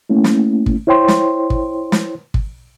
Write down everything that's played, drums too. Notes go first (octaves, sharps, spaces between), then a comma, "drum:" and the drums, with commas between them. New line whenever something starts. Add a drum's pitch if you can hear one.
A3 A#3 C#4 E4
drum: snare
drum: kick
E4 C5 C#5 G5 C6
drum: snare
drum: kick
drum: snare
drum: kick